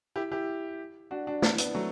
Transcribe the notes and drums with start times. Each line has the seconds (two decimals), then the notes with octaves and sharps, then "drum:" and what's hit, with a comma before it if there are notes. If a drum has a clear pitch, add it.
0.16 E4 G4
0.31 E4 G4
1.11 D4 F#4
1.27 D4 F#4
1.42 C4 E4, drum: snare
1.58 B3 D4, drum: hi-hat
1.75 F#3 A3